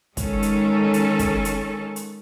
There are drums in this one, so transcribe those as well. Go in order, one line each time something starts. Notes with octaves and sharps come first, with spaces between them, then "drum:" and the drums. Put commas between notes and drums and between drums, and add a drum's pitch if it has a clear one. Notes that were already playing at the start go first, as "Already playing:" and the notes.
D#3 G#3 C#4 A4, drum: kick, hi-hat
drum: hi-hat
drum: hi-hat
drum: kick, hi-hat
drum: hi-hat
drum: hi-hat